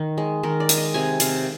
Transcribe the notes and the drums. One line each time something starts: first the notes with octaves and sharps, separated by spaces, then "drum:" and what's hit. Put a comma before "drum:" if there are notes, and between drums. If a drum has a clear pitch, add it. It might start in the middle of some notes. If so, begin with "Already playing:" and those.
Already playing: D#3
G#3
D#3 A#4
D5
G#3, drum: hi-hat
D#5
C3 G#5
C3 F5, drum: hi-hat